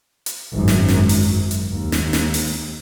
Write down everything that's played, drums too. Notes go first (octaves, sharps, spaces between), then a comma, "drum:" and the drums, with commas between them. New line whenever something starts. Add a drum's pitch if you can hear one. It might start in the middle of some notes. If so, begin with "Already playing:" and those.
drum: hi-hat
G#1 F#2
drum: snare
drum: snare
drum: open hi-hat
drum: hi-hat
D#2
drum: snare
drum: snare
drum: open hi-hat